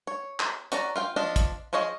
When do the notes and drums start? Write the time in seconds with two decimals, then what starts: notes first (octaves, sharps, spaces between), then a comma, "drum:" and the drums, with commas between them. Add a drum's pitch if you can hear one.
0.07 C#5
0.40 drum: clap
0.72 C#4 F#4 D5 A#5, drum: hi-hat
0.96 F4 F5 G5
1.16 F3 D4 D#5 F5
1.36 drum: kick, hi-hat
1.73 F3 G#4 C#5 D#5 F5